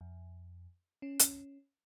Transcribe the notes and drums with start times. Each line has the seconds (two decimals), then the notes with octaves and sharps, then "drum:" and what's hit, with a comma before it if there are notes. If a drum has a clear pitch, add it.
0.01 F2
1.02 C#4
1.19 drum: hi-hat